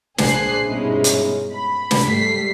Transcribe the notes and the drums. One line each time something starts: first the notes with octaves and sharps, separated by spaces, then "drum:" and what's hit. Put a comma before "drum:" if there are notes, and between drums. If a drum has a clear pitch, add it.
A#1 D4 G#4 C5 F#6 C7, drum: snare
G2 B2 G#3 C#4 D#4 E4
drum: hi-hat
B5
drum: snare
G#2 G3 A3 B6 C7